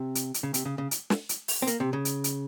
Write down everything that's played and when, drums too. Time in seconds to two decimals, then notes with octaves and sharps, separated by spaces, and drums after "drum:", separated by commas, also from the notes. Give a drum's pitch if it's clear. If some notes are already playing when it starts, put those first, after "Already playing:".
Already playing: C3
0.15 drum: hi-hat
0.34 drum: hi-hat
0.43 C#3
0.54 C3, drum: hi-hat
0.65 C#3
0.78 C#3
0.91 drum: hi-hat
1.10 drum: snare
1.29 drum: hi-hat
1.48 drum: open hi-hat
1.62 C4
1.67 A#3, drum: hi-hat
1.80 C3
1.93 C#3
2.05 drum: hi-hat
2.24 drum: hi-hat